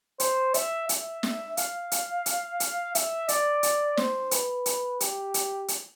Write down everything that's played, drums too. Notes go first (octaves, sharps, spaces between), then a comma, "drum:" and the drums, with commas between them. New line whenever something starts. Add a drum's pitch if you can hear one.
C5, drum: hi-hat
E5, drum: hi-hat
E5, drum: hi-hat
drum: snare
F5, drum: hi-hat
drum: hi-hat
drum: hi-hat
drum: hi-hat
E5, drum: hi-hat
D5, drum: hi-hat
drum: hi-hat
C5, drum: snare
B4, drum: hi-hat
drum: hi-hat
G4, drum: hi-hat
drum: hi-hat
drum: hi-hat